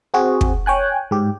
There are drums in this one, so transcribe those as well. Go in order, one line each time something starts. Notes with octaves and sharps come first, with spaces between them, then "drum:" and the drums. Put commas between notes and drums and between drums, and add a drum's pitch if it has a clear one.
C4 F#4 G#4
drum: kick
C#5 G5 G#5 F#6
G#2 G4